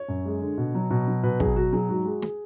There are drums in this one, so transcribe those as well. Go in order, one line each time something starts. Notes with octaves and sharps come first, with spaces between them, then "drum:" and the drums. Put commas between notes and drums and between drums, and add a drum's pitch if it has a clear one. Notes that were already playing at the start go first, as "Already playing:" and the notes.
Already playing: C#5
F#2
G#3
D3
B2
F#3
B2
F#3
B2 B4
F#3 G#4, drum: kick
B2 F#4
F#3 G#4
G#2 F#4
G#3
G#4, drum: snare